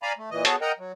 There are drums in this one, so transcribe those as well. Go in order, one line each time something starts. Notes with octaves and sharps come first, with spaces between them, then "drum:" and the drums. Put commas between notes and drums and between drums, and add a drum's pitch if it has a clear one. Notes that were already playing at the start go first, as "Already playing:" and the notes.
D5 F5 G#5 A#5 B5
A3
A#2 E3 D#5
B3 F#4 G#4 A4 C#5 A5, drum: hi-hat
A#4 D#5 F#5 G5 A#5
F#3